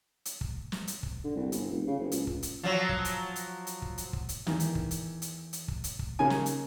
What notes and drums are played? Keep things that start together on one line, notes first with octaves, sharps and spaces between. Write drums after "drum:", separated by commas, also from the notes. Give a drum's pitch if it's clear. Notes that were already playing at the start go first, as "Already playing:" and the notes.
drum: hi-hat
drum: kick
drum: snare
drum: hi-hat
drum: kick
D3
C2
G1, drum: hi-hat
F1
C#3
F#1
C#2, drum: hi-hat
drum: kick
drum: hi-hat
F3 F#3
drum: kick
drum: hi-hat
drum: hi-hat
drum: hi-hat
drum: kick
drum: hi-hat
drum: kick
drum: hi-hat
E2 D#3, drum: snare
drum: hi-hat
drum: kick
drum: hi-hat
drum: hi-hat
drum: hi-hat
drum: kick
drum: hi-hat
drum: kick
C#3 A#3 C#4 D#4 C#5 G#5
drum: snare
drum: hi-hat